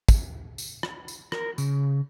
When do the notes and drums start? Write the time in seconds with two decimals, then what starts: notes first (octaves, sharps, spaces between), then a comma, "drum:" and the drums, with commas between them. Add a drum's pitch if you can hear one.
0.08 drum: kick, tambourine
0.58 drum: tambourine
0.83 drum: rim click
1.08 drum: tambourine
1.32 A#4, drum: rim click
1.58 C#3, drum: tambourine